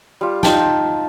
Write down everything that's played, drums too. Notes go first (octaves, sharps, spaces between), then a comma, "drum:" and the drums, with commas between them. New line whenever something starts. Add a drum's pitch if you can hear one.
G3 F4
D#4 F4 G5 A5, drum: snare